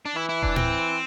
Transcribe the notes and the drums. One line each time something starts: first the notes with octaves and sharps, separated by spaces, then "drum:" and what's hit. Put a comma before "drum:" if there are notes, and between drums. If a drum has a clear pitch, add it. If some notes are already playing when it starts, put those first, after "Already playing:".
D4
E3 E4
E4
D4, drum: kick E1
C4, drum: tom A2